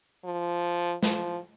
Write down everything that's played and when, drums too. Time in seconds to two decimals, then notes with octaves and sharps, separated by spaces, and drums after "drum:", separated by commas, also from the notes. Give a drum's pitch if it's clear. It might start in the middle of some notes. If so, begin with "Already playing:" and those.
0.25 F3
1.03 F3, drum: snare